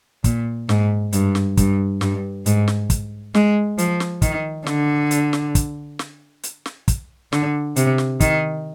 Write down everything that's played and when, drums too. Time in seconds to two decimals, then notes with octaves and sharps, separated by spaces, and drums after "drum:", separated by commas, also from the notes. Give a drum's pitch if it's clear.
0.24 A#2, drum: kick, hi-hat
0.69 G#2, drum: snare
1.13 G2, drum: hi-hat
1.35 drum: snare
1.57 G2, drum: kick, hi-hat
2.01 G2, drum: snare
2.46 G#2, drum: hi-hat
2.68 drum: snare
2.90 drum: kick, hi-hat
3.35 G#3, drum: snare
3.78 F3, drum: hi-hat
4.00 drum: snare
4.22 D#3, drum: kick, hi-hat
4.66 D3, drum: snare
5.11 drum: hi-hat
5.33 drum: snare
5.55 drum: kick, hi-hat
5.99 drum: snare
6.43 drum: hi-hat
6.66 drum: snare
6.88 drum: kick, hi-hat
7.32 D3, drum: snare
7.76 C3, drum: hi-hat
7.98 drum: snare
8.20 D#3, drum: kick, hi-hat